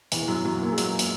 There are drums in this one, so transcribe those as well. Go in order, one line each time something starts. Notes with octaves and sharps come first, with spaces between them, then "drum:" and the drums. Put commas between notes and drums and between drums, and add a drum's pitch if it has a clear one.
E2 E3, drum: open hi-hat
E3
F#2 F#3
F#2 F#3
A#2 A#3
G#3
F#2 F#3, drum: open hi-hat
drum: open hi-hat